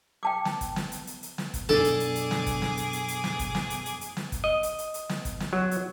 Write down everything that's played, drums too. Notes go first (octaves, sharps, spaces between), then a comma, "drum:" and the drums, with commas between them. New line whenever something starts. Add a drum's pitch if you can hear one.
G5 A5 D6
drum: snare
drum: kick, hi-hat
drum: snare
drum: hi-hat
drum: hi-hat
drum: hi-hat
drum: snare
drum: kick, hi-hat
F#2 B2 D4 G#4 A4 D6, drum: snare
drum: hi-hat
drum: hi-hat
drum: hi-hat
drum: snare
drum: kick, hi-hat
drum: snare
drum: hi-hat
drum: hi-hat
drum: hi-hat
drum: snare
drum: kick, hi-hat
drum: snare
drum: hi-hat
drum: hi-hat
drum: hi-hat
drum: snare
drum: kick, hi-hat
D#5
drum: hi-hat
drum: hi-hat
drum: hi-hat
drum: snare
drum: kick, hi-hat
drum: snare
F#3
drum: hi-hat